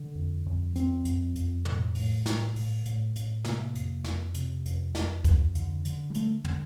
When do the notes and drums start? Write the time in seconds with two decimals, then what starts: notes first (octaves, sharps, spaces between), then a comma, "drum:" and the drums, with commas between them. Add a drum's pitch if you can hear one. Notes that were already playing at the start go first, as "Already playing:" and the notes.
Already playing: D3
0.15 F2
0.46 F2
0.76 F2 C4, drum: hi-hat
1.05 F2, drum: hi-hat
1.36 F2, drum: hi-hat
1.65 A2, drum: tom
1.95 A2, drum: open hi-hat
2.26 A2, drum: snare
2.56 A2, drum: open hi-hat
2.86 A2, drum: hi-hat
3.16 A2, drum: hi-hat
3.45 C3 A#3, drum: snare
3.75 F2, drum: hi-hat
4.04 F2, drum: snare
4.34 C3, drum: hi-hat
4.66 F2, drum: hi-hat
4.95 F2, drum: snare
5.24 F2, drum: kick C#2, hi-hat
5.55 D3, drum: hi-hat
5.85 D3, drum: hi-hat
6.10 G3
6.14 D3 A3, drum: hi-hat
6.44 D3, drum: tom